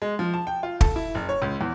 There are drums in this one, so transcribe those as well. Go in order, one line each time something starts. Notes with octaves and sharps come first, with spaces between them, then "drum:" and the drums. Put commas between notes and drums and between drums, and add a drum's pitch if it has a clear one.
G#3
F3
A5
G5
F4
A4, drum: kick
E4
F#1
C#5
C#2
E2